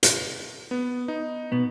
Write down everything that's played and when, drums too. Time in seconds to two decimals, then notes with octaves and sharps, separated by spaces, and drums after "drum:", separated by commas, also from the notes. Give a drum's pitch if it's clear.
0.03 drum: hi-hat
0.71 B3
1.08 D#4
1.52 B2 B3